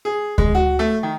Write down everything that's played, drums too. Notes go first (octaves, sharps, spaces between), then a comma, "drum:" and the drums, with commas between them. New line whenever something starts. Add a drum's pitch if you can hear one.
G#4
G#3, drum: kick D2
F#4
A3
D#3